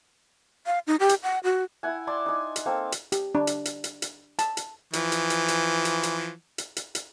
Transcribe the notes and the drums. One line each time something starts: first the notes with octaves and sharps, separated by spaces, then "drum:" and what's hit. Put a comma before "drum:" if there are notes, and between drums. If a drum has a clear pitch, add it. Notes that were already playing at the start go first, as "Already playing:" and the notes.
F5
D#4
G4
drum: hi-hat
F#5
F#4
E4 F#5 G#5
D5 C6 D6 E6
D#4 G#5
drum: hi-hat
A#3 C4 A4 F5
drum: hi-hat
G4, drum: hi-hat
D4
drum: hi-hat
drum: hi-hat
drum: hi-hat
drum: hi-hat
A5, drum: hi-hat
drum: hi-hat
E3 F3, drum: hi-hat
drum: hi-hat
drum: hi-hat
drum: hi-hat
drum: hi-hat
drum: hi-hat
drum: hi-hat
drum: hi-hat
drum: hi-hat